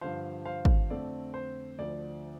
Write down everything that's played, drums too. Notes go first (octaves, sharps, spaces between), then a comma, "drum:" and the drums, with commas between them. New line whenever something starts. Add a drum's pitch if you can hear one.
G2 D3 F3 C5 F5
C5 F5
drum: kick
F2 D3 A3 C4 D5
C5
D2 D3 F3 D5